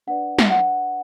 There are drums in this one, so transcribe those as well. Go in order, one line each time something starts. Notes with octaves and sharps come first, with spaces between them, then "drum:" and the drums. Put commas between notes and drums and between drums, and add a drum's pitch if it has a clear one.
D4 B4 D5 F#5
drum: snare
F#5